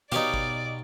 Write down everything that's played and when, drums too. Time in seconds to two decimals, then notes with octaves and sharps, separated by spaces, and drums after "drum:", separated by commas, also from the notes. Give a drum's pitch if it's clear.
0.12 B2 D#4 G4 B4 C#5 D5 F5
0.34 drum: kick G1